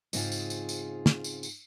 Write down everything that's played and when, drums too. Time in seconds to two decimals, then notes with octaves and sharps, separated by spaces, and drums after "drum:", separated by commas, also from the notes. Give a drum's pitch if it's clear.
0.13 G#2 C#3 C4 D#4 F4 G#4, drum: tambourine
0.32 drum: tambourine
0.50 drum: tambourine
0.69 drum: tambourine
1.06 drum: snare
1.24 drum: tambourine
1.43 drum: tambourine